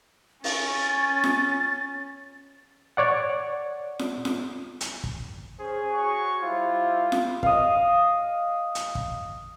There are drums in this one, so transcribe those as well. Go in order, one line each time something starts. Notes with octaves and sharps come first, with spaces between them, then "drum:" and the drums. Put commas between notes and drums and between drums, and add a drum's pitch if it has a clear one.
C#4 A6, drum: open hi-hat
drum: snare F4
C#5 D5 F#5
drum: snare F4
drum: snare F4
drum: hi-hat
drum: kick
C#4 G#4 C5
F#4 C#5 C#6
G3 E4 F4 C5
drum: snare F4
D#5 F5, drum: kick
drum: hi-hat
drum: kick